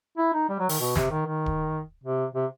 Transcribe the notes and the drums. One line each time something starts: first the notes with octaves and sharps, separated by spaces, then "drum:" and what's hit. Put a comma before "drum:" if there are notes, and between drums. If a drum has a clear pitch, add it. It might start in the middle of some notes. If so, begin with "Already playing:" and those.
E4
D#4
G3
F#3
D#3, drum: open hi-hat
B2
C3, drum: snare
D#3
D#3
drum: kick D1
C3
C3